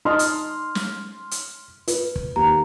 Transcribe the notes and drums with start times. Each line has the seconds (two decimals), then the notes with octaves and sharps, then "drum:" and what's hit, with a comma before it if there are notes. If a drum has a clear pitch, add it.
0.05 D#4 D#5 A5 C6 F6
0.19 drum: hi-hat
0.75 drum: snare
1.31 drum: hi-hat
1.88 B4, drum: hi-hat
2.16 drum: kick
2.36 D#2 A#5